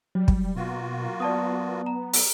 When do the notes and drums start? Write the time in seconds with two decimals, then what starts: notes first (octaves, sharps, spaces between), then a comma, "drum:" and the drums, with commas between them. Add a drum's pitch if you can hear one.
0.15 F#3 G3
0.28 drum: kick
0.56 B2 A#3 F4 F#4
1.20 B3 D5 A5 D#6
1.86 A#5
2.14 drum: open hi-hat